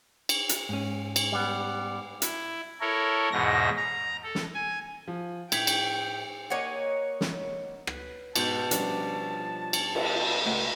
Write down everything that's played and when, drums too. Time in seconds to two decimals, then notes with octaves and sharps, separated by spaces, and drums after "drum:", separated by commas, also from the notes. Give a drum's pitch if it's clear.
0.29 drum: cymbal
0.49 drum: hi-hat
0.69 G#2 C#4
1.16 drum: cymbal
1.32 G3 B3
2.22 E4, drum: hi-hat
2.81 E4 A4 A#4 C#5
3.32 E2 G#2 B2 A#6
3.77 A#5
4.23 A4
4.35 drum: snare
4.54 G#5
5.08 F3
5.52 A2 G5 G#6 B6, drum: cymbal
5.67 drum: cymbal
6.50 A#3 C#5 D#5 F#5
7.21 drum: snare
7.87 B4, drum: rim click
8.36 G#2 B2 A5 G6, drum: cymbal
8.71 F3 G3 C#4 D4, drum: hi-hat
9.73 drum: cymbal
9.95 drum: cymbal
10.45 C#2 A3 G4 F#5